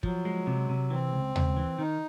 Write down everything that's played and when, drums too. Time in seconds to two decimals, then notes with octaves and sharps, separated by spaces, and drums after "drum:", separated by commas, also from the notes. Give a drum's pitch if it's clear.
0.03 F3 F#3, drum: kick
0.25 G#3
0.47 C3
0.69 C3
0.90 E3 C4
1.12 C#2
1.35 C#2, drum: tom D#2
1.57 E3
1.79 D#3 D#4